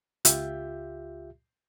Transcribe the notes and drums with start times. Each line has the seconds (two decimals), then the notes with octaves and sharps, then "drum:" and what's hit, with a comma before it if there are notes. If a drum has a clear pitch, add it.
0.25 C#2 F4 G4 E5 G6, drum: hi-hat